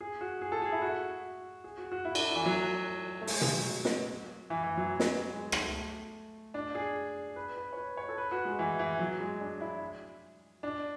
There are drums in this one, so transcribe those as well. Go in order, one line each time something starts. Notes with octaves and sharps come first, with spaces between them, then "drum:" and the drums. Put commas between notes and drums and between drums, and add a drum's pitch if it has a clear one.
G#4
F#4
G#4
A4
G#4
E4
F#4
G#4
F#4
F#4
E4
D4, drum: cymbal
E3
F#3
A3
G#3, drum: open hi-hat
G#3, drum: tom
F#3
drum: snare
E3
E3
F#3
drum: snare
G#3
A3, drum: rim click
D4
G#4
B4
B4
C#5
B4
C#5
A4
B4
F#4
G#3
E3
E3
F#3
G#3
D4
E4
D4